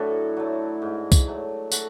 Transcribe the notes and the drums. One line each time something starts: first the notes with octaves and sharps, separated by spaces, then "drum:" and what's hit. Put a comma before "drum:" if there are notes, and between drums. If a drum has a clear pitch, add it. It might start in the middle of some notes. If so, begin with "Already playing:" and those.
Already playing: A2 F#3 A3 D4 E4 F#4 A4
F#3 A3
G#2
drum: kick C2, tambourine
F#3 A3
F#4 A4, drum: tambourine